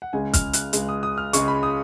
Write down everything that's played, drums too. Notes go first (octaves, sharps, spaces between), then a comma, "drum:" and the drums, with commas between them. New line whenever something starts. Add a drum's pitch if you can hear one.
F#5
C#2 C#3 G#3 G#5
F6, drum: kick, hi-hat
F#6, drum: hi-hat
C#2 C#3 G#3, drum: hi-hat
D#6
D#6
F6
C#2 C#3 G#3 C#6, drum: hi-hat
B5
D#6